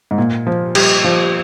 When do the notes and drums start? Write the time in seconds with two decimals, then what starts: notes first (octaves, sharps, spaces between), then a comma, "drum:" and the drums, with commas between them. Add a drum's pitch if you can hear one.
0.11 G#2
0.18 A#2
0.47 F3
0.75 G3, drum: cymbal
1.04 F3